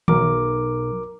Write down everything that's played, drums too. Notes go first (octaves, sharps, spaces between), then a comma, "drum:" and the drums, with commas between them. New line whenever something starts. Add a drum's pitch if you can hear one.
B1 A#4 D6, drum: tom D#3